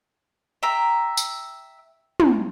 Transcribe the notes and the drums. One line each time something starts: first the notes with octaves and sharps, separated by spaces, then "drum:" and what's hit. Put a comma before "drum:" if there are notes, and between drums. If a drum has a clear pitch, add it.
E5 G5 A#5
drum: tambourine
drum: tom